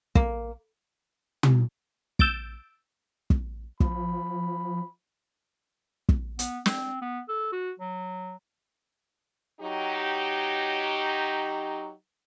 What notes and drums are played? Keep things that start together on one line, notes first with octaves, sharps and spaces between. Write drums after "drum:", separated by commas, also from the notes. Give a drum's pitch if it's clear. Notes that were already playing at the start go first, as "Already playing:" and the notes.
A#3, drum: kick
drum: tom
E6 G6 A6 D7, drum: kick
drum: kick
F3 B5, drum: kick
drum: kick
B3, drum: hi-hat
C4, drum: snare
B3
A4
F#4
F#3
F#3 D#4 G4